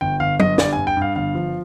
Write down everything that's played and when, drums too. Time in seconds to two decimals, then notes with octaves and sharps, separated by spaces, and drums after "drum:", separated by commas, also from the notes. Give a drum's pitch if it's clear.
0.01 G1 G5
0.20 G1 F5
0.40 G1 D#5, drum: tom F#3
0.58 G2 D5, drum: snare
0.73 G#5
0.78 G2
0.87 G5
0.97 G2 F5
1.16 G1 F5
1.35 F3